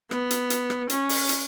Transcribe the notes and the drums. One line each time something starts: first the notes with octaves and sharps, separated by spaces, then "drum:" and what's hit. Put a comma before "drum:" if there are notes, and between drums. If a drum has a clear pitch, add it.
B3, drum: rim click
drum: hi-hat
drum: hi-hat
drum: rim click
C#4, drum: hi-hat
drum: open hi-hat
drum: hi-hat